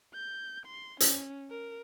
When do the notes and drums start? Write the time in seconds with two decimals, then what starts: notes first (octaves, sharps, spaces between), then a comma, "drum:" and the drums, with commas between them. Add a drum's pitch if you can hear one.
0.14 G6
0.66 C6
1.00 C#4, drum: hi-hat
1.51 A#4